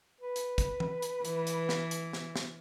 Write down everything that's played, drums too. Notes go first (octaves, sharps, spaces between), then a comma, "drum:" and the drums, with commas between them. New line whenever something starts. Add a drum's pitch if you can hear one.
B4
drum: hi-hat
drum: kick, hi-hat
drum: tom E3
drum: hi-hat
E3, drum: hi-hat
drum: hi-hat
drum: snare
drum: hi-hat
drum: snare
drum: snare